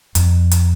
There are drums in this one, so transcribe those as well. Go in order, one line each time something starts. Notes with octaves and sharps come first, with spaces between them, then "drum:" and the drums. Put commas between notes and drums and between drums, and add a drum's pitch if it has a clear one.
F2, drum: hi-hat
drum: hi-hat